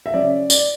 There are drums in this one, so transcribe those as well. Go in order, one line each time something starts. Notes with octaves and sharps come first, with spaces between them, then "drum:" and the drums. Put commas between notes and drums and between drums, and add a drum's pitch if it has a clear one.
E5
C#3 F#3 C#4 D5
D5, drum: tambourine